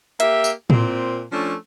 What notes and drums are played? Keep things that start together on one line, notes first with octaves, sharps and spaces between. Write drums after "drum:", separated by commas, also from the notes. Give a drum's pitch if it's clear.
A#3 G4 E5, drum: hi-hat
drum: tambourine
A#2 C4, drum: tom A2
F3 A3 C#4 D4